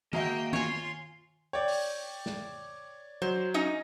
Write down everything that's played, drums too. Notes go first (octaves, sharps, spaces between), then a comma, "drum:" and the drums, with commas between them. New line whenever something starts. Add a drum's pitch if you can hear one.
G#3 A#3 F#4 D#5 E5 G5 A#5, drum: tom D#3
F4 C#5 G#5 C6, drum: tom D#3
C#5 D5 G5
drum: open hi-hat
drum: snare
F#3 C5
C#4 D#4 D#5